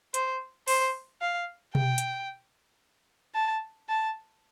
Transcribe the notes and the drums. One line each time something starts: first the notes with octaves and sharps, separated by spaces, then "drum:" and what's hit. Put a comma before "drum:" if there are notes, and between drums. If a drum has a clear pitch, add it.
C5, drum: hi-hat
C5, drum: open hi-hat
F5
G5, drum: tom B2
drum: hi-hat
A5
A5